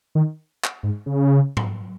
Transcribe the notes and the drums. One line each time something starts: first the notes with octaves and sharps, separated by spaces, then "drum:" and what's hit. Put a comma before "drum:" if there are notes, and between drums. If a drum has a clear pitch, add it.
D#3
drum: clap
G#2
C#3
drum: tom G#2